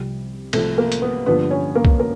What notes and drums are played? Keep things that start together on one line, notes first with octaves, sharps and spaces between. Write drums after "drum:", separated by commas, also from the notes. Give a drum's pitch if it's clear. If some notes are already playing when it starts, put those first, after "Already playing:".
Already playing: C2 C3 F3 G3 G4
C2 C3 F3 A3 A4, drum: cymbal
A#3 A#4
drum: hi-hat
B3 B4
G2 D3 F3 A#3 B3 B4
C#4 C#5
A#3 A#4
drum: kick
A#3 A#4